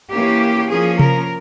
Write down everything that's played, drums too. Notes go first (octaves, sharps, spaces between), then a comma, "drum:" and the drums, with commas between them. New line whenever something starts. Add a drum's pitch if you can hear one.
E3 A#3 C#4 G4
F3 A#3 C#4 G#4
A#4, drum: tom C3